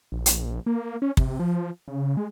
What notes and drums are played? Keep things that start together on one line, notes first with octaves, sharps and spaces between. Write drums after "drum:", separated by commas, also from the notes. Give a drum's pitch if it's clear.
A#1
drum: hi-hat
A#3
C#4
C3, drum: kick
F3
C#3
G#3